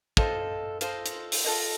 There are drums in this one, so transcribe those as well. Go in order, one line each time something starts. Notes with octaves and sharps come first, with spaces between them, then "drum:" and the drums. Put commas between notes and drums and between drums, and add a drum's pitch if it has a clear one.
F4 A4 C5 D#5, drum: kick
F4 A4 C5 D#5, drum: hi-hat
drum: hi-hat
drum: open hi-hat
F4 A4 C5 D#5